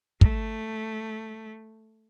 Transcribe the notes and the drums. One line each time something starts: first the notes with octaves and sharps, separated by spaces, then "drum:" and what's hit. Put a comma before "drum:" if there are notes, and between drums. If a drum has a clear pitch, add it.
A3, drum: kick